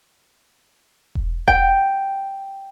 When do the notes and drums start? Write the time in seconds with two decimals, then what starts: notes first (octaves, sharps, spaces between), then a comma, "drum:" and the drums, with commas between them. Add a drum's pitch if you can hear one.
1.15 drum: kick E1
1.48 G5, drum: kick E1